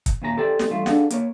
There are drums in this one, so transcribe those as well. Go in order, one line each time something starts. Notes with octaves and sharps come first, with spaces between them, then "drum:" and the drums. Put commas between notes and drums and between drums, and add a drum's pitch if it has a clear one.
drum: kick, hi-hat
D#2 A#2 C#4 G#4 A#5
G4 A4 C5 D5 G5
drum: snare
E2 G2 A3 F4
D4 D#4 G#4 A4 F5 F#5, drum: snare
A#3 A#4 C#5, drum: hi-hat